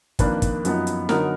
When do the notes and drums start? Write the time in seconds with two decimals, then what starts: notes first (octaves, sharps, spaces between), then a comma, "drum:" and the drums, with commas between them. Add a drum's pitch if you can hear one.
0.19 F2 D#3 A#3 D4 B4, drum: kick, hi-hat
0.42 drum: kick, hi-hat
0.65 F#2 F3 B3 D#4, drum: hi-hat
0.87 drum: hi-hat
1.09 D3 F#3 B3 D#4 A#4, drum: snare